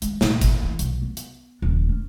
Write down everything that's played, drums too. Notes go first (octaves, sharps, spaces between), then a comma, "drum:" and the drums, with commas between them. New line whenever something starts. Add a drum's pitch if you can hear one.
G#3, drum: hi-hat
A#2, drum: snare
drum: kick G#1, hi-hat
E3
B1, drum: hi-hat
B3
drum: hi-hat
D#1
C#4